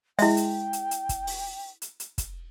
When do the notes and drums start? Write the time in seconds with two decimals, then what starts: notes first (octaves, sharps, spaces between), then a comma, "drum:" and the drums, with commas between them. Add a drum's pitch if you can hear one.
0.19 G#3 E4 E5 G5, drum: open hi-hat
0.37 drum: hi-hat
0.73 drum: hi-hat
0.91 drum: hi-hat
1.09 drum: kick, hi-hat
1.27 drum: open hi-hat
1.82 drum: hi-hat
2.00 drum: hi-hat
2.18 drum: kick, hi-hat